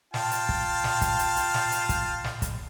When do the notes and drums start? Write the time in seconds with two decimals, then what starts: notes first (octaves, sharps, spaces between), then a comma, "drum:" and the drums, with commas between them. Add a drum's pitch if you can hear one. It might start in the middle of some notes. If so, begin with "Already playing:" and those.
0.14 F4 G5 A5, drum: snare
0.31 drum: hi-hat
0.49 drum: kick
0.84 drum: snare
1.02 drum: kick, hi-hat
1.19 drum: hi-hat
1.37 drum: hi-hat
1.54 drum: snare
1.72 drum: hi-hat
1.89 drum: kick, hi-hat
2.24 drum: snare
2.42 drum: kick, hi-hat